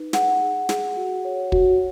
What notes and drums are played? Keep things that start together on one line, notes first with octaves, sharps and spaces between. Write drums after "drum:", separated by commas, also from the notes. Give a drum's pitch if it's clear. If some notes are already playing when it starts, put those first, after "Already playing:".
Already playing: D#4 B4
G#4 F#5, drum: snare
G#4
G#4, drum: snare
F#4
C#5
F#4, drum: kick